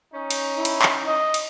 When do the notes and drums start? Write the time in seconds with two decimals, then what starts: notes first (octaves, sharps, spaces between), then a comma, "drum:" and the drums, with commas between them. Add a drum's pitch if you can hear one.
0.13 C#4 D#4
0.30 drum: cymbal
0.56 E4
0.65 drum: cymbal
0.82 drum: clap
1.07 D#5
1.34 drum: cymbal